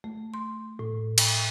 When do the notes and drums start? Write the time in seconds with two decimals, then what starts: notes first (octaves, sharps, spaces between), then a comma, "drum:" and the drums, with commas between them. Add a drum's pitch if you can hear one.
0.04 A3
0.34 C6
0.79 A2
1.18 drum: cymbal